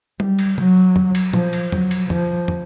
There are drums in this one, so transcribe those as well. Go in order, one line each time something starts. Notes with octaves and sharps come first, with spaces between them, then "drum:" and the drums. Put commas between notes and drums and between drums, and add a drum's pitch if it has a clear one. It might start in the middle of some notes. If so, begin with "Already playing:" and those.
G3, drum: tom F#3
drum: cymbal
F#3, drum: tom
drum: tom
drum: cymbal
F3, drum: tom
drum: cymbal
F#3, drum: tom
drum: cymbal
F3, drum: tom
drum: tom